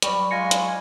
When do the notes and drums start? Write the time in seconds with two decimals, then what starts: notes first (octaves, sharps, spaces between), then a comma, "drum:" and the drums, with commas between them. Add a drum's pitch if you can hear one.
0.02 F#3 G3 C#6, drum: hi-hat
0.31 G#3 F4 F5 G#5 A#6 C#7
0.51 drum: hi-hat